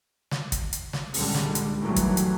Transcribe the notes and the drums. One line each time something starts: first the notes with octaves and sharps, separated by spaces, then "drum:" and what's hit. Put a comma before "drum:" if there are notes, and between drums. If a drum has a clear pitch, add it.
drum: snare
drum: kick, hi-hat
drum: hi-hat
drum: snare
C#2 A#2 D3 G3 G#3, drum: open hi-hat
drum: snare
drum: hi-hat
A#2 D#3 E3 F#3 G3 A3
drum: kick, hi-hat
drum: hi-hat